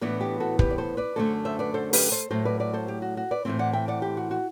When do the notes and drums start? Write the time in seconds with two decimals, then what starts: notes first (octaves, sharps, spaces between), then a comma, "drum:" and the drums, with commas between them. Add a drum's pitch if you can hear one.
0.01 A2 E3 B3 D4 B4 D5
0.21 G4
0.40 F#4 A4
0.59 G4 B4, drum: kick
0.70 D5
0.78 A4 C5
0.97 B4 D5
1.16 F#2 D3 A3 A4 C5
1.45 C5 E5
1.59 B4 D5
1.74 A4 C5
1.93 G4 B4, drum: open hi-hat
2.12 A4 C5
2.31 A2 F#3 A3 A4 C5
2.45 B4 D5
2.60 B4 D5
2.73 A4 C5
2.88 G4
3.02 F#4
3.17 F#4
3.31 B4 D5
3.45 A2 E3 A3 C4 C5 E5
3.59 D5 F#5
3.73 E5 G5
3.88 D5 F#5
4.02 G4
4.17 F#4
4.31 F#4